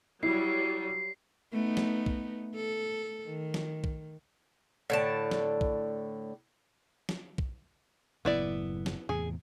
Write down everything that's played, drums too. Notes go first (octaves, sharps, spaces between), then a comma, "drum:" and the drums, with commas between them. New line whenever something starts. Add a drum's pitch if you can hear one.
F#3 G3 E4 C7
A3 B3 D#4
drum: snare
drum: kick B1
A4
D#3
drum: snare
drum: kick B1
A2 D3 A5
drum: snare
drum: kick B1
drum: snare
drum: kick B1
F#1 A2 B3 E4 D5
drum: snare
E2 A2 C3 G#4